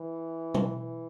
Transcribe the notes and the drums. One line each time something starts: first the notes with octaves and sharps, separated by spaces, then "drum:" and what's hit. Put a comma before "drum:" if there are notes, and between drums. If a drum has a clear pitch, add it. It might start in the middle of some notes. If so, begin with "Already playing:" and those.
Already playing: E3
drum: tom B2
E3